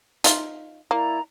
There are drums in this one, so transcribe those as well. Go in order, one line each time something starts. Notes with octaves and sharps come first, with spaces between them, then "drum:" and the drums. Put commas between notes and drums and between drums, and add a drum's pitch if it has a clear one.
D#4 F4, drum: hi-hat
A#3 E4 D5 A#5